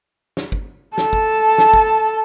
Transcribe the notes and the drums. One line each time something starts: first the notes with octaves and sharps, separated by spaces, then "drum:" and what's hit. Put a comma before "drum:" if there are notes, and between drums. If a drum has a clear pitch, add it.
drum: snare
drum: kick
A4 A5, drum: snare
drum: kick
drum: snare
drum: kick